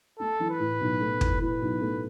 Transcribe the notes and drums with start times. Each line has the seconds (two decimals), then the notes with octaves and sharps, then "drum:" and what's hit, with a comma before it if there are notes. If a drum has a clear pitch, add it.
0.19 A3 A4
0.40 E3
0.50 B4
0.60 A2
0.81 B1
1.00 A3
1.21 E3, drum: kick
1.41 A2 B4
1.62 B1
1.81 A3